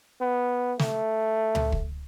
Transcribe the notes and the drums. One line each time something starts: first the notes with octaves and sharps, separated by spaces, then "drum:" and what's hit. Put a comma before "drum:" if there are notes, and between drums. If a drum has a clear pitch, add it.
B3
A3, drum: snare
drum: tom C#2
drum: kick